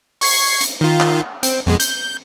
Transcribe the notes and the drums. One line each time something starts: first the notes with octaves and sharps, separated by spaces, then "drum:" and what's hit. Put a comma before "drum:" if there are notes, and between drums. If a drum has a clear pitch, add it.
C#6 G#6 C7, drum: open hi-hat
drum: hi-hat
D#3 F4
drum: clap
C4, drum: hi-hat
F2 B2 G#3
G6, drum: hi-hat